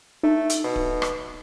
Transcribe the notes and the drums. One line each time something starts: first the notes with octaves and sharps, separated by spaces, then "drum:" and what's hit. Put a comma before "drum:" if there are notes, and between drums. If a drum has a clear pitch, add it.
A3 D#4
drum: hi-hat
B2
drum: kick D1
drum: rim click